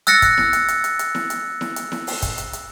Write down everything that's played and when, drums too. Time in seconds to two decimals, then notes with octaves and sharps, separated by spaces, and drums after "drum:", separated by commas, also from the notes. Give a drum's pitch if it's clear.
0.07 E6 F#6 A6 A#6 C#7, drum: hi-hat
0.22 drum: kick, hi-hat
0.38 drum: snare E4
0.53 drum: hi-hat
0.68 drum: hi-hat
0.84 drum: hi-hat
0.99 drum: hi-hat
1.15 drum: snare E4
1.30 drum: hi-hat
1.61 drum: snare E4
1.76 drum: hi-hat
1.92 drum: snare E4
2.07 drum: open hi-hat
2.22 drum: kick, hi-hat
2.38 drum: hi-hat
2.53 drum: hi-hat